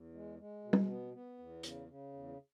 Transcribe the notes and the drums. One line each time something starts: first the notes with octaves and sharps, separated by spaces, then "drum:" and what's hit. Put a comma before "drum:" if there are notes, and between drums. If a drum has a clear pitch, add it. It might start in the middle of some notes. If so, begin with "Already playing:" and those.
Already playing: E2
G#3
G#3
B2
drum: tom
B3
B3
E2
C#3, drum: hi-hat
C#3
E2